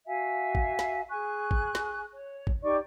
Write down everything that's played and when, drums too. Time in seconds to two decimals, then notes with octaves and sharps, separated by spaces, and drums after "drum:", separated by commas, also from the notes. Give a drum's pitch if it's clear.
0.07 F#4 E5 F5 G#5
0.55 drum: kick
0.79 drum: snare
1.09 G#4 G#5 C#6 F#6
1.51 drum: kick
1.75 drum: snare
2.13 C#5
2.47 drum: kick
2.62 D#4 G4 D5 C#6